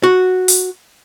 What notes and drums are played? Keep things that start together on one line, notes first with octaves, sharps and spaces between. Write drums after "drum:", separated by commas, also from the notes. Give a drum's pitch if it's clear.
F#4
drum: open hi-hat